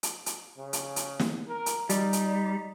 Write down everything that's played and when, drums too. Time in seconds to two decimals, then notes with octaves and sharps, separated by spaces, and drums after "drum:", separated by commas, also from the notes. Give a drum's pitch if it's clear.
0.03 drum: hi-hat
0.26 drum: hi-hat
0.57 C#3
0.73 drum: hi-hat
0.96 drum: hi-hat
1.20 drum: snare
1.48 A#4
1.66 drum: hi-hat
1.89 G3 D#4, drum: hi-hat
2.13 drum: hi-hat